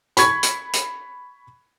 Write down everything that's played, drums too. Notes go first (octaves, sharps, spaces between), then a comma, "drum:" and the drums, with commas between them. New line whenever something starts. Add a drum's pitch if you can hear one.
B5 C#6 G#6, drum: hi-hat
drum: hi-hat
drum: hi-hat